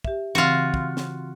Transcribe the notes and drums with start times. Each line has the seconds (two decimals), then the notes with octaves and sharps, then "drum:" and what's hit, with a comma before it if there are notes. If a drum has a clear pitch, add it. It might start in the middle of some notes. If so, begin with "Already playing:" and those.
0.04 G4 E5, drum: kick
0.35 C#3 E3 C4 F4 F#4
0.74 drum: kick
0.97 drum: snare